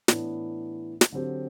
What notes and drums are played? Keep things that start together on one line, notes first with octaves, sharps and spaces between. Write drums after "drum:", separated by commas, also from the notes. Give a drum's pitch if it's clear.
A2 E3 B3 D4, drum: snare
drum: snare
D3 F#3 C4 G4